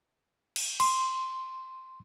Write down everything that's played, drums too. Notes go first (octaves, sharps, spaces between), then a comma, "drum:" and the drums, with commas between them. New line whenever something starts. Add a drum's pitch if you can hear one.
drum: cymbal
C6, drum: cymbal